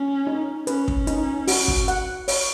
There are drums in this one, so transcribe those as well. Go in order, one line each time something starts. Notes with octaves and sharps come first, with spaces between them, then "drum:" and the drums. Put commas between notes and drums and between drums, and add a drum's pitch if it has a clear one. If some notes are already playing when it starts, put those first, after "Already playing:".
Already playing: C#4
D#4
C#4 B4, drum: hi-hat
drum: kick
D#4, drum: hi-hat
F#4, drum: open hi-hat
drum: kick
F#5, drum: hi-hat
C#5, drum: open hi-hat